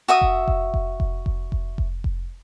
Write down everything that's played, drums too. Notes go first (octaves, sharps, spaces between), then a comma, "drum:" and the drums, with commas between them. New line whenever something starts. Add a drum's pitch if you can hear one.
F#4 E5 D#6
drum: kick F1
drum: kick F1
drum: kick F1
drum: kick F1
drum: kick F1
drum: kick F1
drum: kick F1
drum: kick F1